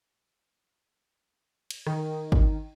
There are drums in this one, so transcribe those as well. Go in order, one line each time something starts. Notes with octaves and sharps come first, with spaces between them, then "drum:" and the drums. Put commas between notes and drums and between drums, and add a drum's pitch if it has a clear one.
drum: cymbal
D#3, drum: rim click
drum: kick G#1